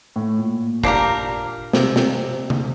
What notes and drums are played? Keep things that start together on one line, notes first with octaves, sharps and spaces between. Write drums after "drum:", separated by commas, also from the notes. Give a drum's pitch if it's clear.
A2
A#2
A#3 D4 G4 A#4, drum: kick
C3, drum: snare
C3, drum: snare
drum: tom C3